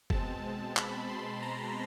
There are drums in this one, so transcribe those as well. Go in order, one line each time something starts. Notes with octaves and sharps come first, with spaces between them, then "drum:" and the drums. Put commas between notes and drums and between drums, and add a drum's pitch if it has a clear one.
B2 G#3 C4 A5, drum: kick F#1
B5, drum: clap
C6
A#5